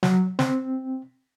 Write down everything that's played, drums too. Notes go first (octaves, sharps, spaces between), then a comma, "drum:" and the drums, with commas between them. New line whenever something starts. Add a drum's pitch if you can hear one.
F#3, drum: snare
C4, drum: snare